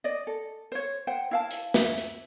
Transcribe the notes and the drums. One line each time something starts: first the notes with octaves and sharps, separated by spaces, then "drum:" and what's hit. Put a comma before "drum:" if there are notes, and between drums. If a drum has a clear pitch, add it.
D5 D#5
A4
C5 C#5
C5 F#5 G5
E4 F5 A5
drum: hi-hat
E5, drum: snare
drum: hi-hat